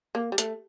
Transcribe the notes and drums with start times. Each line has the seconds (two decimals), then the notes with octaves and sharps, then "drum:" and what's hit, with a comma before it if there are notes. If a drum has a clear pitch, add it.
0.15 A#3
0.32 G3
0.38 A3, drum: hi-hat